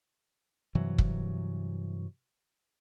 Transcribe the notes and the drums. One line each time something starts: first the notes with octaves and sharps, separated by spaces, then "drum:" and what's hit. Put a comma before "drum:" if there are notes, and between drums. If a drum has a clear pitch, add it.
G2 C3 E3 F#3
drum: kick